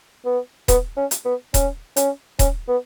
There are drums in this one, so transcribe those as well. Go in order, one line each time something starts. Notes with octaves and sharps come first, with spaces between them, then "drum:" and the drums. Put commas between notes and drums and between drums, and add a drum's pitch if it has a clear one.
B3
B3, drum: kick D#1, hi-hat
C#4
drum: hi-hat
B3
C#4, drum: kick D#1, hi-hat
C#4, drum: hi-hat
C#4, drum: kick D#1, hi-hat
B3